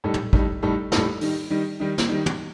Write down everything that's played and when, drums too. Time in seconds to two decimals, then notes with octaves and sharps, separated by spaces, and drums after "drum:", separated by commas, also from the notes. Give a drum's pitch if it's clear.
0.04 A2 G3 D#4 A4
0.14 drum: tom
0.33 A2 G3 D#4 A4, drum: kick
0.62 A2 G3 D#4 A4
0.92 A2 G3 D#4 A4, drum: snare
1.21 D#3 G3 D#4, drum: open hi-hat
1.50 D#3 G3 D#4
1.80 D#3 G3 D#4
1.98 drum: snare
2.08 D#3 G3 D#4
2.26 drum: tom